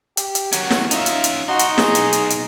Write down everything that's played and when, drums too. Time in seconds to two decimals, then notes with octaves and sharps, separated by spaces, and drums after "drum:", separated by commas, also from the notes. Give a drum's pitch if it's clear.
0.17 G4, drum: hi-hat
0.35 drum: hi-hat
0.52 D#3 F#3 C#4, drum: hi-hat
0.70 drum: snare
0.91 C#4 D#4 F4 E5, drum: hi-hat
1.06 drum: hi-hat
1.24 drum: hi-hat
1.48 B1 D#4 F#4 C6
1.59 drum: hi-hat
1.78 G#4, drum: snare
1.95 drum: hi-hat
2.13 drum: hi-hat
2.30 drum: hi-hat